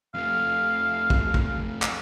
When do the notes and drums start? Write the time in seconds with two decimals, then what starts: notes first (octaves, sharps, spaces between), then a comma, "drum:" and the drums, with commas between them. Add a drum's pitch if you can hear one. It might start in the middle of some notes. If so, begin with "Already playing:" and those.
0.14 F2 A3 F5
1.10 drum: kick
1.34 drum: kick
1.82 drum: clap